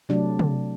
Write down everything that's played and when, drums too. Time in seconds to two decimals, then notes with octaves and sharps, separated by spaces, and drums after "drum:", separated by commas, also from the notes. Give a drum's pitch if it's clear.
0.09 C3 F#3 A3 D4
0.39 drum: tom